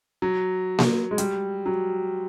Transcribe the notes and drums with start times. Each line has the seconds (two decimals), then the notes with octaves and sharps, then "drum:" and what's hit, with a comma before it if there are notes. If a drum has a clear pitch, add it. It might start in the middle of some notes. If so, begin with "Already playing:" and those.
0.22 F#3
0.79 drum: snare A#3
1.11 G#3
1.18 G3, drum: hi-hat
1.66 F#3